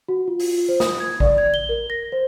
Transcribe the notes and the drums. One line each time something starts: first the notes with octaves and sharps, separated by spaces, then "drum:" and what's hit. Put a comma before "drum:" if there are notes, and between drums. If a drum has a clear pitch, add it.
F#4
F4
drum: open hi-hat
C5
D#6, drum: snare
G#6
D5, drum: kick
G#6
G7
A#4
A#6
C5